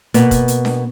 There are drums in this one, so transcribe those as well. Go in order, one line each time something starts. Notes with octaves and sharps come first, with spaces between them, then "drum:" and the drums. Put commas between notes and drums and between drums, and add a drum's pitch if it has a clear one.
B2 A#3 B3, drum: hi-hat
drum: kick, hi-hat
drum: hi-hat
drum: snare D4